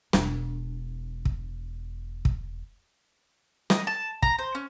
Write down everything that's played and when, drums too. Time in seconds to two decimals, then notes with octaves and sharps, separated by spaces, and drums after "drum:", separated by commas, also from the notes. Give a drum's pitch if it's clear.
0.13 E1 D4, drum: snare
1.25 drum: kick
2.25 drum: kick
3.70 D#5, drum: snare
3.87 A5
4.23 A#5, drum: kick
4.39 C5
4.55 C#4